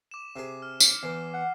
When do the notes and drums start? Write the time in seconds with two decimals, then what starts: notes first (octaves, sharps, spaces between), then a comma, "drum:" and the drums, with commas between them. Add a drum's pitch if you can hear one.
0.11 D6 E7
0.36 C3 G#4
0.62 F6
0.80 drum: tambourine
1.03 E2 E3 C7
1.34 F#5